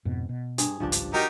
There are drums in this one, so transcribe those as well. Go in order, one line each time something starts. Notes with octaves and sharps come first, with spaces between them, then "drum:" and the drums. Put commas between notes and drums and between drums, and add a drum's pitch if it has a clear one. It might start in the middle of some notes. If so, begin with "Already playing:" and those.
F2 G#2 B2
B2
G2 G#4, drum: hi-hat
G#1 C#2 G2 F3 D4
drum: hi-hat
D#4 F#4 G4 A#4 D5 D#5